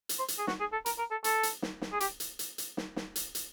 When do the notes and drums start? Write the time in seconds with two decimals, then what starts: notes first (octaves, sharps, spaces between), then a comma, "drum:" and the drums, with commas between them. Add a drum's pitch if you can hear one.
0.09 drum: hi-hat
0.19 C5
0.28 drum: hi-hat
0.38 G#4
0.47 F#4, drum: snare
0.60 G#4
0.73 A4
0.86 A#4, drum: hi-hat
0.99 A#4
1.11 A4
1.24 A4, drum: hi-hat
1.43 drum: hi-hat
1.62 drum: snare
1.82 drum: snare
1.93 G#4
2.00 G4, drum: hi-hat
2.20 drum: hi-hat
2.39 drum: hi-hat
2.58 drum: hi-hat
2.77 drum: snare
2.96 drum: snare
3.16 drum: hi-hat
3.35 drum: hi-hat